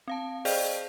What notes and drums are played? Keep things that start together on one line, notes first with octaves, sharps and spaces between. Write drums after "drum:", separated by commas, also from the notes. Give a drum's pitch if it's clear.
C4 F5 A5
G#4 C5 D5 D#5 F5 G5, drum: open hi-hat